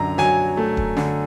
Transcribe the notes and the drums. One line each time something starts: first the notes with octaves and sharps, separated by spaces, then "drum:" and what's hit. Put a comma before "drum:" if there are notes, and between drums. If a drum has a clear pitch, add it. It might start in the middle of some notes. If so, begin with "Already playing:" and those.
Already playing: F#2 D3 A#5
F#3 G#5, drum: snare
A3
drum: kick
D3, drum: snare